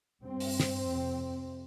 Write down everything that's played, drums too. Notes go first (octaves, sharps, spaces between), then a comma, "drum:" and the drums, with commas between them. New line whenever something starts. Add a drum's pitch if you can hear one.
G2 C4
drum: open hi-hat
drum: snare
F2 C3